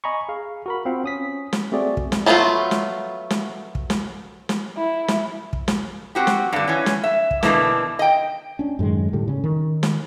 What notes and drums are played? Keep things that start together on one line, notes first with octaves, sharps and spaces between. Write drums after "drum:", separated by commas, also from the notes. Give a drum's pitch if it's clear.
D#5 G#5 A#5 B5 C#6
G#4 F5
F#4 A#4 B5
C4 F4 F5 F#5
C#4 D#6 B6
drum: snare
A3 C4 F#4 G#4 D5
drum: kick
drum: snare
F#3 A3 B3 E4 F4
drum: snare
drum: snare
drum: kick
drum: snare
drum: snare
E4
drum: snare
drum: kick
drum: snare
C4 F#4 G4
drum: snare
G2 D3
E3 C#4
drum: snare
E5
drum: kick
B2 D3 E3 G3 A3 A#3, drum: snare
D#5 G5
C#4 D4
F#2 A2 D#3 G#3
A2 D3 G3 A3
C#3 C#4
D#3
drum: snare